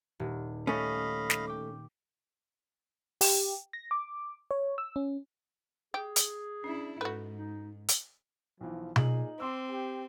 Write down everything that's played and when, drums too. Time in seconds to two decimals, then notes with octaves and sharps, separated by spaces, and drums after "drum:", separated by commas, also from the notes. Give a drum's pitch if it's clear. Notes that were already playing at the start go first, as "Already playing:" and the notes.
0.20 D#1
0.67 A3 C#4 D#5 F5 B5
1.30 drum: snare
1.47 G5 D6
3.21 G4, drum: open hi-hat
3.73 A#6
3.91 D6
4.51 C#5
4.78 E6
4.96 C#4
5.94 G4 G#4
6.16 drum: hi-hat
6.64 C#4 D4 E4
7.01 G#2 F#4 A4 B4
7.36 D#4
7.88 drum: hi-hat
8.61 B1 E3 F3
8.96 A#2 D#4 G#4 F#7, drum: tom B2
9.40 C4 C6 D6 E6
9.70 G4